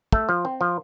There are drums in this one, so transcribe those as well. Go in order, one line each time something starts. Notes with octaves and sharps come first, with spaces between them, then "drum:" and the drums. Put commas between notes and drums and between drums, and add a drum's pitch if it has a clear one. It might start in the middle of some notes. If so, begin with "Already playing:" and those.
A3, drum: kick
F3
C4
F3